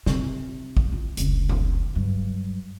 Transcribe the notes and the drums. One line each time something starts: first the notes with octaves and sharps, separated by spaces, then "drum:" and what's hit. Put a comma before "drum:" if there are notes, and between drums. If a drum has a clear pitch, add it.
C3, drum: snare
drum: kick
E4 F4
F1 C#2, drum: hi-hat
drum: tom A2
G2 F#3